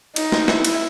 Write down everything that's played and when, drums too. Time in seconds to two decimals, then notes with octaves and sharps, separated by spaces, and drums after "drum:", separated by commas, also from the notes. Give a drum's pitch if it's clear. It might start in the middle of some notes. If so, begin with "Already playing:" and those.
0.16 D#4, drum: cymbal
0.32 drum: snare
0.48 E4, drum: snare
0.65 drum: cymbal